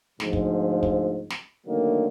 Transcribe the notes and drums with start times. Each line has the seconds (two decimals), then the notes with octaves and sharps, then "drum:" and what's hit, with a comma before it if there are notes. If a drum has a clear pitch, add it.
0.20 D2 G#2 F3, drum: snare
0.33 drum: kick
0.83 drum: kick
1.30 drum: snare
1.66 D3 D#3 F#3 A3 A#3